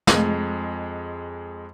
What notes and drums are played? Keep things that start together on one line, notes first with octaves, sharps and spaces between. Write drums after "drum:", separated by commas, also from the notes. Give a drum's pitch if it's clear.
F2 G#3, drum: snare